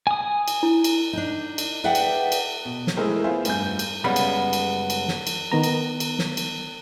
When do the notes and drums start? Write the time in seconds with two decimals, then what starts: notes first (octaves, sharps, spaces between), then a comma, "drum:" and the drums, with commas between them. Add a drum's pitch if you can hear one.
0.07 G#5 D#6
0.48 drum: cymbal
0.63 E4
0.84 drum: cymbal
1.13 D4 D#4
1.58 drum: cymbal
1.84 G#4 B4 D5 E5 F#5 G5
1.95 drum: cymbal
2.32 drum: cymbal
2.65 B2
2.87 drum: snare
2.97 G#3 A3 E4 G#4 A#4 C5
3.24 B3 F4 C5 E5 F5 G#5
3.45 F1 G2 G#5 G6, drum: cymbal
3.79 drum: cymbal
4.04 F#2 C#3 G3 G#3 B3 B5
4.16 drum: cymbal
4.53 drum: cymbal
4.90 drum: cymbal
5.08 drum: snare
5.27 drum: cymbal
5.52 D#3 B3 A#5
5.63 drum: cymbal
6.00 drum: cymbal
6.19 drum: snare
6.37 drum: cymbal